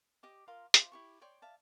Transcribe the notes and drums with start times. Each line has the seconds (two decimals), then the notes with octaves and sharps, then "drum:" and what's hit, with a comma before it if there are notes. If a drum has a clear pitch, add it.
0.23 G4 D#5 D6
0.48 F4 A#4 F5 C6
0.74 F4 C5 E5 D6, drum: hi-hat
0.92 E4 G4 C#6
1.21 C#5 D5 G5 C6
1.42 E5 F5 A5